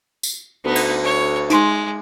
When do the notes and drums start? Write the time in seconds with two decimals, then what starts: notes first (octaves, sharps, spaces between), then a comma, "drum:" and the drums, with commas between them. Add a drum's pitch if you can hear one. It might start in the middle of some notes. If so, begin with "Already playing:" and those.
0.23 drum: tambourine
0.65 D2 B3 D#4
0.75 drum: cymbal
1.04 C#5
1.50 G#3 D#4 C6, drum: hi-hat